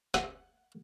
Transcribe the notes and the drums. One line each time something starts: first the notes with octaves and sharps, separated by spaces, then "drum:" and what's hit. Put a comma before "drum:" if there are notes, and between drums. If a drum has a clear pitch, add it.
F#5, drum: snare